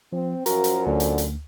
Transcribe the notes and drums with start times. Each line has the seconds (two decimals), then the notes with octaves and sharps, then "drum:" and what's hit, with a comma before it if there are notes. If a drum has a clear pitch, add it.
0.12 F3 C4
0.46 F#2 F3 F#4 A#4, drum: hi-hat
0.64 drum: hi-hat
0.87 D2 D3
1.00 drum: hi-hat
1.18 drum: hi-hat